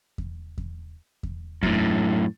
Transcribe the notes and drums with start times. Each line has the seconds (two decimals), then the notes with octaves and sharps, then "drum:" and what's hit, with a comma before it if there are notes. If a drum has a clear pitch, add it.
0.18 drum: kick E2
0.58 drum: kick E2
1.23 drum: kick E2
1.63 F#2 A2, drum: kick E2